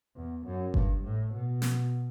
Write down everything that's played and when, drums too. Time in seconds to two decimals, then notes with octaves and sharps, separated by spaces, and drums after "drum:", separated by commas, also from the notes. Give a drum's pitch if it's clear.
0.16 E2
0.46 F#2
0.74 G2, drum: kick G1
1.04 A2
1.33 B2
1.62 drum: snare